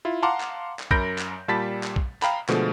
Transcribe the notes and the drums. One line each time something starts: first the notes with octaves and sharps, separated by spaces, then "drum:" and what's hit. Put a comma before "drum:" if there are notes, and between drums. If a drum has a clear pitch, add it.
E4 F4
F5 F#5 A5 A#5 C6 D6
drum: clap
drum: clap
F#2 A#4 B5 G6 A#6 D7, drum: kick A#1
drum: clap
A#2 G3 A5 B5 A6 B6
drum: clap
drum: kick A#1
F5 G5 A#5 B5, drum: clap
B2 D3 F3 G#3 A3, drum: clap